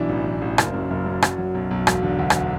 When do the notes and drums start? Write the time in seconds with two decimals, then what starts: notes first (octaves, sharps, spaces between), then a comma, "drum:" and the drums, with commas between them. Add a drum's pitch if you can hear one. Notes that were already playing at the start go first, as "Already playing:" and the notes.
Already playing: B1 E3 D4
0.09 A1
0.25 A1
0.42 A1
0.58 F#1, drum: rim click
0.73 F#2
0.90 F#1
1.06 F#2
1.22 F#3, drum: rim click
1.38 F#3
1.55 B1
1.71 B1
1.87 E1, drum: rim click
2.03 D3
2.19 D2
2.30 drum: rim click